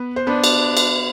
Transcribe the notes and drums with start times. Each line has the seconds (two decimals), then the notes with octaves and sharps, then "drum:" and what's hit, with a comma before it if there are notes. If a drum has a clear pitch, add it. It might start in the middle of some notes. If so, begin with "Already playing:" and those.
Already playing: B3 B4
0.16 C5
0.27 B3 D4 B4
0.44 drum: cymbal
0.77 drum: cymbal